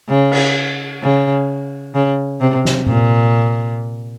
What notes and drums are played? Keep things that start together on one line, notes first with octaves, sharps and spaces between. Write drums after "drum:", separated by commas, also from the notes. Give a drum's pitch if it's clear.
C#3
drum: cymbal
C#3
C#3
C3
drum: snare
A#2, drum: tom